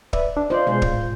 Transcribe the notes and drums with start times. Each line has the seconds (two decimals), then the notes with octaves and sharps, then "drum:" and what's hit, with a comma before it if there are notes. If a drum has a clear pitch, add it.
0.13 B4 D5 E5, drum: kick
0.37 D4
0.50 F4 C5 D5 D#5
0.67 B2 G#3 G#4 C5
0.82 A2, drum: kick